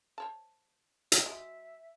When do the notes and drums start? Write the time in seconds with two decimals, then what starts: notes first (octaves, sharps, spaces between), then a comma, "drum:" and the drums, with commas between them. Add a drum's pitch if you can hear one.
0.18 C5 C#5 A5
1.12 drum: hi-hat
1.26 G#3 F#4 D#5 E5